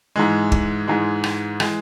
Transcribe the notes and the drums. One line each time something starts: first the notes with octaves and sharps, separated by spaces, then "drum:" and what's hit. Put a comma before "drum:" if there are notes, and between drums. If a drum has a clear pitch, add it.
G#2 E3 G#3
drum: kick
G#2 E3 G#3
drum: rim click
E3 G#3, drum: rim click